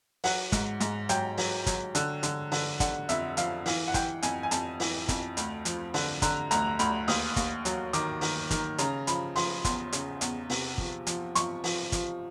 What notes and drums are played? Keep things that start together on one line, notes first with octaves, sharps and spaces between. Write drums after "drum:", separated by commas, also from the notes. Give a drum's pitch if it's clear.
F#3 F#5, drum: open hi-hat
G#2, drum: kick, hi-hat
G#2, drum: hi-hat
F#3 G5, drum: hi-hat
F#3, drum: open hi-hat
F#3, drum: kick, hi-hat
D3, drum: hi-hat
D3, drum: hi-hat
D3, drum: open hi-hat
D3 F#5, drum: kick, hi-hat
F2 E5, drum: hi-hat
F3 F5, drum: hi-hat
E3 F5, drum: open hi-hat
F#5
E3 G5, drum: kick, hi-hat
F2 G#5, drum: hi-hat
G#5
F2 A5, drum: hi-hat
E3, drum: open hi-hat
F2, drum: kick, hi-hat
D2, drum: hi-hat
F3, drum: hi-hat
D3, drum: open hi-hat
D3 A#5, drum: kick, hi-hat
D2 A#5, drum: hi-hat
D2 B5, drum: hi-hat
D#2 D#6, drum: open hi-hat
D#2, drum: kick, hi-hat
F#3, drum: hi-hat
D#3 D6, drum: hi-hat
D#3, drum: open hi-hat
D#3, drum: kick, hi-hat
C#3 A#5, drum: hi-hat
F3 B5, drum: hi-hat
F3 C6, drum: open hi-hat
E2 C6, drum: kick, hi-hat
C#3, drum: hi-hat
E2, drum: hi-hat
C3, drum: open hi-hat
F3, drum: kick
F3, drum: hi-hat
F3 C#6, drum: hi-hat
F3, drum: open hi-hat
F3, drum: kick, hi-hat